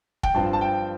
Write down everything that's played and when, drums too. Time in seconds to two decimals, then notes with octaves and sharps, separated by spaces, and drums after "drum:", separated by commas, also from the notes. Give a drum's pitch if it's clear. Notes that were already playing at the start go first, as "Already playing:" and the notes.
0.23 G5, drum: kick
0.34 G2 F3 C4 A5
0.53 A5
0.61 G5